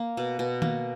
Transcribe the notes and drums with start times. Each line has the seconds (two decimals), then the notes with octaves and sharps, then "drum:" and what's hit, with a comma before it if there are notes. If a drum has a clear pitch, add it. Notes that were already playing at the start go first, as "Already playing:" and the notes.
Already playing: A#3
0.17 B2
0.39 B2
0.62 A#3, drum: tom D#3